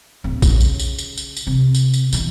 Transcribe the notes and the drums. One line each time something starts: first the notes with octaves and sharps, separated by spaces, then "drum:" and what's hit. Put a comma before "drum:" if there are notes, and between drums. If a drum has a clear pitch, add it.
D1
C#3, drum: kick, tambourine
drum: tambourine
drum: tambourine
drum: tambourine
drum: tambourine
drum: tambourine
C3
drum: tambourine
drum: tambourine
B2 E3, drum: tambourine